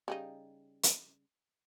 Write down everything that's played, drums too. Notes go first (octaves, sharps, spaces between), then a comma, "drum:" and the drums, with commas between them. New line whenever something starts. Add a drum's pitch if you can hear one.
C#3 G3 D#4
drum: hi-hat